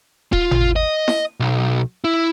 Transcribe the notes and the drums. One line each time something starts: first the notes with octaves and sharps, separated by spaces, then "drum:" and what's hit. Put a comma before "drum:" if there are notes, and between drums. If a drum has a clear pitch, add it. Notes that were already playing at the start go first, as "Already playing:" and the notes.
F4, drum: kick D#1
drum: tom G#1
D#5
drum: snare E4
B1
E4